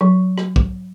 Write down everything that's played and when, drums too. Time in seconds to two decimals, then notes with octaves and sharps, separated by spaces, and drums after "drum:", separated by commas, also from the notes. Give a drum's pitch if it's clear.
0.01 F#3
0.38 drum: rim click
0.56 drum: kick